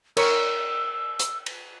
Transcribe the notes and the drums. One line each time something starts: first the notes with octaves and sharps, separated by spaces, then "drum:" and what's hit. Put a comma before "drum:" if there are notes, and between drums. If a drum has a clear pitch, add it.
A#4 C#5 C#6 E6, drum: cymbal
drum: hi-hat
drum: cymbal